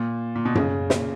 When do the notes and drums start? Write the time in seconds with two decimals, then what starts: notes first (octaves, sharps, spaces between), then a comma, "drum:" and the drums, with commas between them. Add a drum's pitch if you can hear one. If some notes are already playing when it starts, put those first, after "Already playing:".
Already playing: A#2
0.36 A#2
0.45 B2
0.55 C#3, drum: tom F#2
0.90 A#2, drum: snare